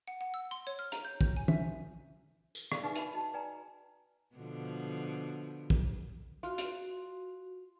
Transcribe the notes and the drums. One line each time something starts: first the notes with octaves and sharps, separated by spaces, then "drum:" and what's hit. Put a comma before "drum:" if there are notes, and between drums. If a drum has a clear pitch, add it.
F#5
F#5
E6
C6
C#5
F6
A#5, drum: hi-hat
G6
G6, drum: kick
G#5
E5, drum: tom
drum: tambourine
D5 F5 C6, drum: rim click
D#4 G#4 B4 D5 E5 G#5
B4 G5 B5, drum: hi-hat
F#4 D#5 A5
B4 D5 G5 G#5 A#5
B2 D3 F3
drum: kick
F4 F#4
drum: hi-hat